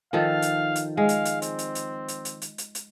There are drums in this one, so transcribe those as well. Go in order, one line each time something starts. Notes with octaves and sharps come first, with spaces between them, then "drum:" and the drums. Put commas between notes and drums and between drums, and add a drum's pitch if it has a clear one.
D#3 F3 A4 F5
drum: hi-hat
drum: hi-hat
G#3 F5
drum: hi-hat
drum: hi-hat
C4, drum: hi-hat
drum: hi-hat
drum: hi-hat
drum: hi-hat
drum: hi-hat
drum: hi-hat
drum: hi-hat
drum: hi-hat